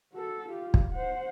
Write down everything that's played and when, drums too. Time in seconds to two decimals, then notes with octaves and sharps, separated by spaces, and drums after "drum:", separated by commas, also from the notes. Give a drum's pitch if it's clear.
0.13 F#4 A4
0.48 F4 G4
0.74 drum: kick
0.92 C5 F#5